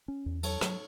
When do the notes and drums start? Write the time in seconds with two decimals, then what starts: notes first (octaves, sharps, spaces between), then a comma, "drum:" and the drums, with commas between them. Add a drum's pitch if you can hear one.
0.08 C#4
0.26 E2
0.43 F#3 A4 C#5, drum: cymbal
0.61 F#3, drum: rim click